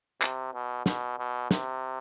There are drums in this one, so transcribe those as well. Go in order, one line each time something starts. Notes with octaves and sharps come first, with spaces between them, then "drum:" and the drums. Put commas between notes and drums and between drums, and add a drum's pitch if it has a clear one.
C3, drum: clap
B2
B2, drum: snare
B2
C3, drum: snare